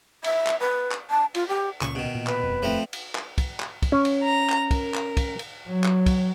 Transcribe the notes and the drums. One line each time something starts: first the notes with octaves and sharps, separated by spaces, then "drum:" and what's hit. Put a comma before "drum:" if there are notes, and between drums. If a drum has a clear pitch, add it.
E5, drum: cymbal
drum: clap
B4
drum: clap
A5
F4, drum: cymbal
G4
C#2 A#2 C#3 C#6, drum: clap
B2 D#3
A#2
B4, drum: clap
D#1 F2
F3 A3 C4
drum: cymbal
drum: clap
drum: kick, cymbal
drum: clap
drum: kick, cymbal
C#4
drum: cymbal
A#5
drum: clap
A#4, drum: kick, cymbal
drum: clap
drum: kick, cymbal
drum: cymbal
F#3
drum: clap
drum: kick, cymbal